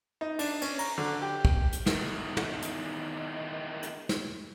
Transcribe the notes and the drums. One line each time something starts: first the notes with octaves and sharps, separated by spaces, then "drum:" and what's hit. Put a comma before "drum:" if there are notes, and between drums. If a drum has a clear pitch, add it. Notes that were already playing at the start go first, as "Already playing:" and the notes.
D#4
D4, drum: cymbal
C#4, drum: cymbal
A#5, drum: cymbal
D3
G4
drum: kick
drum: hi-hat
E2 D#3, drum: snare
drum: tom
drum: hi-hat
drum: hi-hat
drum: snare